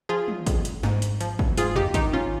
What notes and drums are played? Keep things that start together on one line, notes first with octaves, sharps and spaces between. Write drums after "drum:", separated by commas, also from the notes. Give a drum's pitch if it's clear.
F3 F4 G#4
drum: tom
F2, drum: kick, hi-hat
drum: hi-hat
G#2, drum: snare
drum: hi-hat
F3, drum: hi-hat
drum: kick
G#2 F4 G#4, drum: hi-hat
D#4 G4, drum: tom
D#3 D#4 G4, drum: kick, hi-hat
C#4 F4